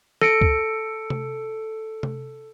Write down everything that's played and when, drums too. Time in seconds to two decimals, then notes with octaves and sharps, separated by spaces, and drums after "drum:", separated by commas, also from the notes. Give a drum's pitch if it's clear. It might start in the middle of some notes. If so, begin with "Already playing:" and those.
0.21 A4 C#7 D7, drum: snare
0.41 drum: kick
1.10 drum: tom C3
2.03 drum: tom C3